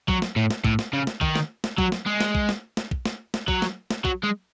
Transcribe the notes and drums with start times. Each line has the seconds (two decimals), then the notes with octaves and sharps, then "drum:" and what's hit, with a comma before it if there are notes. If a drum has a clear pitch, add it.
0.08 F#3, drum: kick
0.22 drum: snare
0.36 A2
0.50 drum: snare
0.64 A2, drum: kick
0.79 drum: snare
0.93 C#3
1.07 drum: snare
1.21 D#3, drum: kick
1.35 drum: snare
1.64 drum: snare
1.78 F#3, drum: kick
1.92 drum: snare
2.06 G#3
2.20 drum: snare
2.35 drum: kick
2.49 drum: snare
2.77 drum: snare
2.91 drum: kick
3.06 drum: snare
3.34 drum: snare
3.48 F#3, drum: kick
3.62 drum: snare
3.91 drum: snare
4.05 F#3, drum: kick
4.24 G#3